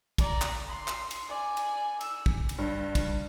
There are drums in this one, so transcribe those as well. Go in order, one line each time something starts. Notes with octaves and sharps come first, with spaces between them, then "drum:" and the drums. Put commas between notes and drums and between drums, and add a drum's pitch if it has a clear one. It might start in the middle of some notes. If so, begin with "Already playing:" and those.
D5 A#5, drum: kick, cymbal
drum: clap
C6
drum: clap
drum: cymbal
D5 G#5
drum: cymbal
E6, drum: cymbal
drum: kick
drum: cymbal
G2
drum: kick, cymbal